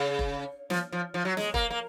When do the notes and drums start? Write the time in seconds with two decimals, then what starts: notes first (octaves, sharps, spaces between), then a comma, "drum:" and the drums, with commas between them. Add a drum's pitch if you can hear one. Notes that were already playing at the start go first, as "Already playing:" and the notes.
Already playing: C#3
0.19 drum: kick F1
0.70 F3, drum: snare
0.92 F3
1.14 F3
1.25 F#3
1.37 G#3, drum: snare
1.54 A#3, drum: kick F1
1.70 A#3